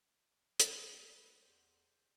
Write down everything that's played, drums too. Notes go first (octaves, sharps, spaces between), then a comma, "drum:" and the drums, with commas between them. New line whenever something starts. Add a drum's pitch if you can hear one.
G3 A3 A#3, drum: hi-hat
B4
E2 G4 C5 D5